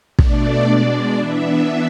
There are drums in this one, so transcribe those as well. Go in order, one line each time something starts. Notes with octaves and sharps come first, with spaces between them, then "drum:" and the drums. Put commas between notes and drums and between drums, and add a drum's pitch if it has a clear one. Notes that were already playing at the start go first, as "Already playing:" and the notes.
B2 A3 D4 D5, drum: kick
B2 G#3 D4 D5
E3 B3 D4 E5